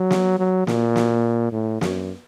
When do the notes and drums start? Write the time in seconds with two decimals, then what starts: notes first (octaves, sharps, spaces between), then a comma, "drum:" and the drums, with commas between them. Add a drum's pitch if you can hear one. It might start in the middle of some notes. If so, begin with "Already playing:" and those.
Already playing: F#3
0.11 drum: snare
0.39 F#3
0.67 A#2, drum: snare
0.96 drum: snare
1.52 A2
1.81 F#2, drum: snare